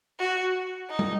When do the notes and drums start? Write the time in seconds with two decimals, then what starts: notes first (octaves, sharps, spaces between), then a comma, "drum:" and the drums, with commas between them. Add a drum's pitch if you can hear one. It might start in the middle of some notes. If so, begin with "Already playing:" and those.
0.19 F#4
0.90 D#4
0.99 drum: tom